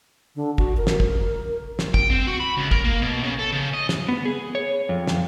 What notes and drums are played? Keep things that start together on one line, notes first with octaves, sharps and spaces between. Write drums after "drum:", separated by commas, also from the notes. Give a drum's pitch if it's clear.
D3
F#4, drum: kick
A#4
drum: snare
drum: kick
drum: snare
G5, drum: kick
C4
F#4
B5
C#2
A#4, drum: kick
A#3
B2
C#3
A4
C#3
D#5
drum: snare
B3
G#4
C#5
F2
drum: snare